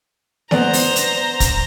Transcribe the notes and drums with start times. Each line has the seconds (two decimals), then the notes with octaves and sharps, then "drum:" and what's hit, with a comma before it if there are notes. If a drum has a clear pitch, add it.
0.51 B3 C5 D5 A#5, drum: snare
0.73 drum: open hi-hat
0.96 drum: hi-hat
1.40 drum: kick, hi-hat